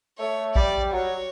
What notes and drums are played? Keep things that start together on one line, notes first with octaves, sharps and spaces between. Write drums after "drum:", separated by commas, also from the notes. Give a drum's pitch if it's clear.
A3 C#5
G3 D5, drum: kick A1
F#3 C#5